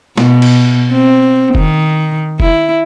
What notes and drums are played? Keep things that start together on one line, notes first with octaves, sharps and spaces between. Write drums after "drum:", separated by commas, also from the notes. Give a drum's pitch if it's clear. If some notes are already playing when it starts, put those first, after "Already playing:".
B2, drum: snare
drum: cymbal
C4
D#3, drum: kick F1
E4, drum: kick F1